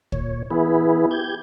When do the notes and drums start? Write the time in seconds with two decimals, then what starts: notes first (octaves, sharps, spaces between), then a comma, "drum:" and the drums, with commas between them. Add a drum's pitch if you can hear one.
0.12 A#2 C#5, drum: kick
0.50 E3 B3 E4 G#4 B4
1.11 G4 G6 G#6